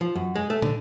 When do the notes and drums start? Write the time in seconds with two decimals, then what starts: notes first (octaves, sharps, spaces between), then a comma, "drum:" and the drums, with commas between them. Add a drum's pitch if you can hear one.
0.01 F3
0.15 F#2
0.36 G#3
0.50 A3
0.62 D3, drum: tom